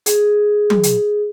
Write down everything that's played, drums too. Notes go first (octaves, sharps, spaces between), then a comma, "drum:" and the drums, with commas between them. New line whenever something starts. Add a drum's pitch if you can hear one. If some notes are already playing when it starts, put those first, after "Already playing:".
G#4, drum: hi-hat
drum: tom F#3
drum: hi-hat